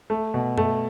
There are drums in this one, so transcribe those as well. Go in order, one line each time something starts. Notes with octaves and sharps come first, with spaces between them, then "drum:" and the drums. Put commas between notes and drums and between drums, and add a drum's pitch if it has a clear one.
A3
B2
A3, drum: tom F#2